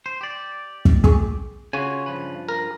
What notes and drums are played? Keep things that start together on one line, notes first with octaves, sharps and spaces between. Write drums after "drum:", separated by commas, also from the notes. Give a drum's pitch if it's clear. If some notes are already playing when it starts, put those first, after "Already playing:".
C5
G4 D5
drum: kick
G#4 C#6, drum: kick
C#3 F4 F#4 G#5
G2 F3 B4
A#4